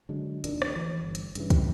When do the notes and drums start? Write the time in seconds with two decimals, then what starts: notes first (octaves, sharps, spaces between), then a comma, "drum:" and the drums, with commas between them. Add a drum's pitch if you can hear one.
0.09 D3 F#3 G#3
0.44 F1 D#2 A#2 D4, drum: hi-hat
0.62 drum: rim click
0.71 D2 E3
1.03 G1
1.15 drum: hi-hat
1.35 G2 C#3 E3, drum: hi-hat
1.50 drum: kick, hi-hat